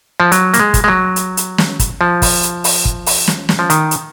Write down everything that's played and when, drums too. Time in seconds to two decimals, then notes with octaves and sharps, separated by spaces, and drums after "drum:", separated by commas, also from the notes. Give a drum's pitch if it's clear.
0.20 F3
0.32 F#3, drum: hi-hat
0.54 A#3, drum: hi-hat
0.60 G#3
0.74 drum: kick, hi-hat
0.84 G#3
0.88 F#3
1.16 drum: hi-hat
1.37 drum: hi-hat
1.58 drum: snare
1.79 drum: kick, hi-hat
2.01 F3
2.22 drum: kick, open hi-hat
2.43 drum: hi-hat
2.64 drum: open hi-hat
2.85 drum: kick
3.06 drum: open hi-hat
3.28 drum: snare
3.49 drum: snare
3.59 F3
3.70 D#3, drum: hi-hat
3.91 drum: hi-hat